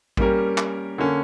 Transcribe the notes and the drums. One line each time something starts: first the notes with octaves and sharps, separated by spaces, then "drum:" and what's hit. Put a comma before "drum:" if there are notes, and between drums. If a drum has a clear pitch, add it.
G3 A#3 C#4 G4 A#4, drum: kick A1
drum: clap
D3 A#3 C#4